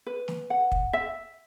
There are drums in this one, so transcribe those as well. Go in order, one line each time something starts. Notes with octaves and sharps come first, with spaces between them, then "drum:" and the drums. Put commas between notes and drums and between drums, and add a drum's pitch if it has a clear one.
B4
drum: snare
F#5
drum: kick
E5